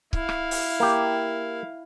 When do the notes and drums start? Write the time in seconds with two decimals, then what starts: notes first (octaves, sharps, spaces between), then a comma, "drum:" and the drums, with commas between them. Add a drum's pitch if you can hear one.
0.13 E4 F5, drum: kick C#1
0.29 drum: rim click
0.51 drum: open hi-hat
0.80 A#3 G4